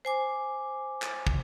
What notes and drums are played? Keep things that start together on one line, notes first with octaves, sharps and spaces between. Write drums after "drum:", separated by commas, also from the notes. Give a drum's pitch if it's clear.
C5 G#5 D6
drum: clap
drum: kick